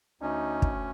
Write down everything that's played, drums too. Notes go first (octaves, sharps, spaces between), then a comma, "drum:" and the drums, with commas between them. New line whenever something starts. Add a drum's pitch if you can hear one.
D2 C#4 D#4
drum: kick